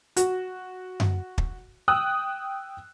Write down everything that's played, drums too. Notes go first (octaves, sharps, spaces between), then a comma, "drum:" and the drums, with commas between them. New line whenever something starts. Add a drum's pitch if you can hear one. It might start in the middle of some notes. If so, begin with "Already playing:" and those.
F#4, drum: hi-hat
drum: tom F#2
drum: kick
G5 D#6 E6 F#6